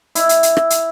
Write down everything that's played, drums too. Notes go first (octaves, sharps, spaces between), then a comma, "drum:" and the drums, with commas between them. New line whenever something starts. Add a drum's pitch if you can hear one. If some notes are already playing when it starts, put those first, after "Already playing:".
E4, drum: hi-hat
drum: hi-hat
drum: hi-hat
drum: rim click
drum: hi-hat